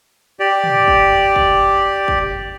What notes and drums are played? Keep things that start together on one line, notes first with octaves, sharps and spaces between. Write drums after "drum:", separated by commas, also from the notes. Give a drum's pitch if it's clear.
G4 D5
drum: tom
drum: kick
drum: kick
drum: kick